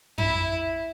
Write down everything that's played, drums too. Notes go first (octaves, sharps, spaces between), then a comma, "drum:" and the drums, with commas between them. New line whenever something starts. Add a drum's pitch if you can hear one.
E4, drum: tom F2